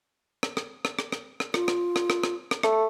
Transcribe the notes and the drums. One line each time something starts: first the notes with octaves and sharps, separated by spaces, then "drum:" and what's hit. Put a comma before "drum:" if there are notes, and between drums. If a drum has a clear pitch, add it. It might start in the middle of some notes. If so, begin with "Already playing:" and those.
drum: rim click
drum: rim click
drum: rim click
drum: rim click
drum: rim click
drum: rim click
F4, drum: rim click
drum: rim click
drum: rim click
drum: rim click
drum: rim click
drum: rim click
A3, drum: rim click